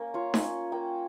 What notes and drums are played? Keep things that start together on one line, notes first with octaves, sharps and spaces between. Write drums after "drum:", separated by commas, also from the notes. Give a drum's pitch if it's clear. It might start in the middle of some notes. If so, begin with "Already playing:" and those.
Already playing: A#3 C#4
F4 C#5
drum: snare D#4
C#4
A#3 G5